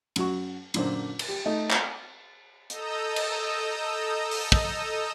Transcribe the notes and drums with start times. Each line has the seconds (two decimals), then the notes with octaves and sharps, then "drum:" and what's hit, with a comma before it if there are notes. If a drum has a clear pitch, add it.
0.16 F#2 F#4 C#6, drum: cymbal
0.74 F#2 A#2 D3 C5, drum: cymbal
1.19 drum: cymbal
1.28 G4
1.46 A3 D#4
1.70 drum: clap
2.70 A4 D#5 A#5 D#6 E6 G6, drum: hi-hat
3.16 drum: cymbal
4.31 drum: open hi-hat
4.52 drum: kick